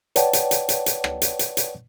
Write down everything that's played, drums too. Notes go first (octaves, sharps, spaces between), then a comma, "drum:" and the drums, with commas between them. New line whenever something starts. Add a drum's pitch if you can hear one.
B4 C#5 D5 F#5 G5 A5, drum: hi-hat
drum: hi-hat
drum: hi-hat
drum: hi-hat
drum: hi-hat
drum: rim click
drum: hi-hat
drum: hi-hat
drum: hi-hat